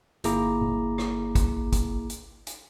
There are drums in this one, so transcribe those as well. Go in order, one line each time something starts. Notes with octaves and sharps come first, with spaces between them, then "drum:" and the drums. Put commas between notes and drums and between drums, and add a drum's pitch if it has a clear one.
G1 A#3 E4 G#4 A#5 D6, drum: hi-hat
drum: tom A#2
drum: rim click
drum: kick, hi-hat
drum: kick, hi-hat
drum: hi-hat
drum: hi-hat